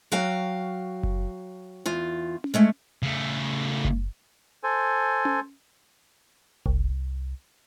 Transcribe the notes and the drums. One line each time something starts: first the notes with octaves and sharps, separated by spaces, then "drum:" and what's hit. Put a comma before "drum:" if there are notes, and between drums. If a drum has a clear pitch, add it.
F#3 F#4 F5 G5
drum: kick F#1
E2 F4
drum: tom C#4
G#3 A3 C#4
C#3 A3
drum: kick F#1
A4 C5 G#5
drum: tom C#4
C2, drum: kick F#1